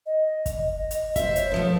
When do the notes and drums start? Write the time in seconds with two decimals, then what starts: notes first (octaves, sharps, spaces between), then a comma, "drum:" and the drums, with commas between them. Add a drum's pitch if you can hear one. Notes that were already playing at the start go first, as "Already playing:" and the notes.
0.06 D#5
0.46 drum: kick, hi-hat
0.76 D#5
0.91 drum: hi-hat
1.16 C5 E5, drum: kick, hi-hat
1.36 C#5, drum: hi-hat
1.52 B2 F3 A3